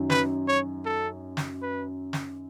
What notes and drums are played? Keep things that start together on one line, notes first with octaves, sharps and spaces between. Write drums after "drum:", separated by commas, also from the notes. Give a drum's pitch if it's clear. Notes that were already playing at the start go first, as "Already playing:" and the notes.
Already playing: F#2 D#3 F#3
B4, drum: snare
C#5
A4
drum: snare
B4
drum: snare